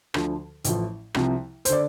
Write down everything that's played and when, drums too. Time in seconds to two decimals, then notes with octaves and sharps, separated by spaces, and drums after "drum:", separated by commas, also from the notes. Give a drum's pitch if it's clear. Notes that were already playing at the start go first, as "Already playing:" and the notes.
0.14 D2 D3 F3, drum: rim click
0.64 A1 A2 F3, drum: hi-hat
1.14 C2 C3 F3, drum: rim click
1.65 C5, drum: hi-hat
1.69 D3 D5